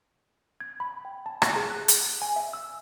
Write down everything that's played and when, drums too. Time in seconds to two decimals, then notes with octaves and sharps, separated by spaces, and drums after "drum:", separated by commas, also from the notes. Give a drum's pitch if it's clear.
0.60 G#6
0.80 B5
1.05 G5
1.26 A5
1.42 C#6, drum: rim click
1.56 G#4
1.70 F#6
1.88 F6, drum: hi-hat
2.22 G#5
2.36 E5
2.53 E6